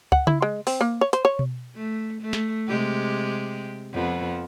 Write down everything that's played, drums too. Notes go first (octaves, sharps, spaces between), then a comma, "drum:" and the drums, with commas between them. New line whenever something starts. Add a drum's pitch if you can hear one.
F#5, drum: kick C#2
E4, drum: tom C#3
G#3
C4, drum: open hi-hat
A#3
C#5
C5, drum: hi-hat
C#5
drum: tom B2
A3
A3
drum: snare
C3 G#3 G4
F2 F3 B3